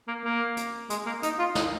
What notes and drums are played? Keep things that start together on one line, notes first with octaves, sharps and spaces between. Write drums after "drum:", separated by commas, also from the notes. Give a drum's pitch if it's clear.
A#3
A#3
drum: hi-hat
G#3, drum: hi-hat
A#3
D#4, drum: hi-hat
F4
D#4, drum: snare